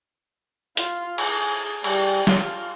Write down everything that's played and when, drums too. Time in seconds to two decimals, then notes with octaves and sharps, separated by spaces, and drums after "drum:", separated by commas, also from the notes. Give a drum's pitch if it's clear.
0.77 F4, drum: hi-hat
1.18 G#4, drum: cymbal
1.84 G3, drum: cymbal
2.27 F4, drum: snare